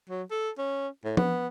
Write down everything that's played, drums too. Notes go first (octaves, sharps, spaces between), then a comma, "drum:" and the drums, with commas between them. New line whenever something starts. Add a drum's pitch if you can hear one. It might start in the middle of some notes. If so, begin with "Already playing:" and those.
F#3
A4
C#4
A2
B3, drum: tom F3